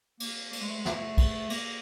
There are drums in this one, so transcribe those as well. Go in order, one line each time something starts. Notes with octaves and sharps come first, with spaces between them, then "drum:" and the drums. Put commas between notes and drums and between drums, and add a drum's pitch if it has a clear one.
A#3, drum: cymbal
A#3, drum: cymbal
G#3
A3
G#3
A3, drum: snare
drum: kick, cymbal
A#3, drum: cymbal